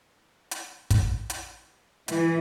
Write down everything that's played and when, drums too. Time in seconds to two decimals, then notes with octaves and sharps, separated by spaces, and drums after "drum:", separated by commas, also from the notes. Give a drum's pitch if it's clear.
0.51 drum: hi-hat
0.90 drum: kick, hi-hat
1.30 drum: hi-hat
2.08 E3, drum: hi-hat